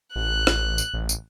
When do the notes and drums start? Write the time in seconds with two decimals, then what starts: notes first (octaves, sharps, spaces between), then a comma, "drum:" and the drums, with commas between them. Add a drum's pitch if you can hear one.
0.16 A1 F#6
0.47 drum: rim click
0.78 drum: tambourine
0.94 A1
1.09 drum: tambourine